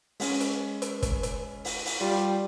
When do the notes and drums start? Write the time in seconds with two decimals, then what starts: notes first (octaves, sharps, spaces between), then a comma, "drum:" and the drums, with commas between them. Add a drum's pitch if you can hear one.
0.20 G#3 C#4, drum: open hi-hat
0.40 drum: hi-hat
0.82 drum: hi-hat
1.02 drum: kick, hi-hat
1.23 drum: hi-hat
1.65 drum: open hi-hat
1.85 drum: open hi-hat
2.01 G3 F4